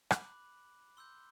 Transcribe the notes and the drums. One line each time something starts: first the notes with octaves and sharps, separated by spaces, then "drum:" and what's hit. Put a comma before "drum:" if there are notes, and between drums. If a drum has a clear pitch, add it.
B5 D6 F#6 F#7, drum: rim click
C6 E6 G6 G7